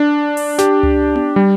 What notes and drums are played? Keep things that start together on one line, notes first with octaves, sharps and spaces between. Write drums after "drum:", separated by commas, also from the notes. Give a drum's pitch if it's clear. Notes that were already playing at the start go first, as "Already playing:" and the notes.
Already playing: D4
drum: open hi-hat
G4, drum: snare
drum: tom C#2
drum: tom B3
G3